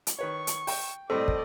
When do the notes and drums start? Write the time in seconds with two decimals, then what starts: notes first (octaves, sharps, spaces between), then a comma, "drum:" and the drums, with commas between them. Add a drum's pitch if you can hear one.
0.07 drum: hi-hat
0.19 D#3 B4 C#5 C#6
0.47 drum: hi-hat
0.67 G5, drum: open hi-hat
1.10 A2 G3 C4 A4 D5 D#5
1.28 drum: kick